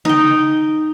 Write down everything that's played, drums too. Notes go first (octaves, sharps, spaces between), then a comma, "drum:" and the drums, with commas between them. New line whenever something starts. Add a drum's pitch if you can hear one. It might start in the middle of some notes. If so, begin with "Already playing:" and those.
D#4 G5, drum: tom C#3